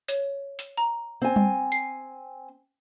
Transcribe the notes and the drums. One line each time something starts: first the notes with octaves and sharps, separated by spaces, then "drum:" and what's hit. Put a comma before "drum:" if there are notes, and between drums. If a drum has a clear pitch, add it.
C#5, drum: hi-hat
drum: hi-hat
A#5
C4 G#5
drum: tom G3
C7